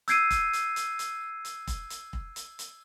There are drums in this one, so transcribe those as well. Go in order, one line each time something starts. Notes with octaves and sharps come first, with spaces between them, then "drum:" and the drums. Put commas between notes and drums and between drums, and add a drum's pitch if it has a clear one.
E6 G6 G#6 C7 D7 D#7, drum: hi-hat
drum: kick, hi-hat
drum: hi-hat
drum: hi-hat
drum: hi-hat
drum: hi-hat
drum: kick, hi-hat
drum: hi-hat
drum: kick
drum: hi-hat
drum: hi-hat